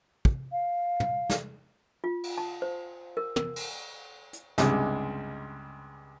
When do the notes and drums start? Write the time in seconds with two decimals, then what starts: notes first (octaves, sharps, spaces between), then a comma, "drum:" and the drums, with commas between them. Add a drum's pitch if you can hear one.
0.25 drum: kick
0.52 F5
1.00 drum: tom
1.30 drum: snare
2.04 F4
2.23 drum: cymbal
2.38 A5
2.62 C5
3.17 A#4
3.36 A#4, drum: tom
3.56 drum: cymbal
4.33 drum: hi-hat
4.58 C#2 G2 C3 G#3, drum: snare